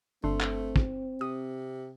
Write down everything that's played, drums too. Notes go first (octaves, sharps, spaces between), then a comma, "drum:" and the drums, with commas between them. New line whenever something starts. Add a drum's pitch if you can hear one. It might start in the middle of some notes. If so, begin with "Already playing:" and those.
G1 A3 C4 D4 C6
drum: clap
drum: kick
C3 D#6